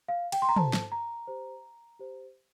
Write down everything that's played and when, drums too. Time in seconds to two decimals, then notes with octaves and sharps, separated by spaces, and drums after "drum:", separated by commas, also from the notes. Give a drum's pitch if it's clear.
0.08 F5
0.32 G5, drum: cymbal
0.42 C6
0.49 A#5
0.56 F4 A4 C5 A5, drum: tom
0.73 drum: snare
0.92 A#5
1.27 G4 C5
1.99 G4 C5